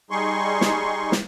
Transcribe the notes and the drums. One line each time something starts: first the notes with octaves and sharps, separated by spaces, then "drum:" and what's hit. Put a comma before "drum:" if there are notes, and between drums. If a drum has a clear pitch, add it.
G3 D#4 G#4 C6 C#6
drum: snare
drum: snare